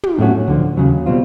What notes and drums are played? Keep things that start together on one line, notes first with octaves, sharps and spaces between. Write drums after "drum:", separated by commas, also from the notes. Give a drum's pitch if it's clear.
drum: tom
A2 F#3 A3 C#4 F#4
D2 D3 F3
D#2 C#3 F#3
B2 G3 C4 F4